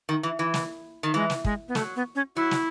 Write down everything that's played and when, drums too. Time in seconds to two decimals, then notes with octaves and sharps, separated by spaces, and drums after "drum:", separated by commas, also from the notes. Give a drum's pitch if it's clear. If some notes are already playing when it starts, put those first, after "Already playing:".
0.09 D#3
0.23 E3
0.39 E3
0.54 drum: snare
1.03 D#3
1.14 E3 G#3
1.30 drum: snare
1.45 G#3, drum: kick
1.68 B3
1.75 F#3 A3, drum: snare
1.96 B3
2.15 C#4
2.36 F#3 E4
2.51 drum: snare